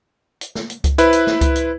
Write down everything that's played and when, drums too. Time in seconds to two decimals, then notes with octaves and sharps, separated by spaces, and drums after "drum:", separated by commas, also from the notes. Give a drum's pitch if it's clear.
0.41 drum: hi-hat
0.55 drum: snare
0.70 drum: hi-hat
0.84 drum: kick C#2, hi-hat
0.98 E4 B4 C5, drum: hi-hat
1.13 drum: hi-hat
1.27 drum: snare
1.41 drum: kick C#2, hi-hat
1.56 drum: hi-hat